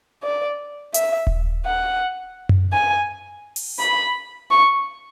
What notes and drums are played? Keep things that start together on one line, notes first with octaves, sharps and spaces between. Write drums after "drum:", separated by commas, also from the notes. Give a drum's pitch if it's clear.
D5
E5, drum: hi-hat
drum: kick D#1
F#5
drum: tom F#2
G#5
drum: open hi-hat
B5
C#6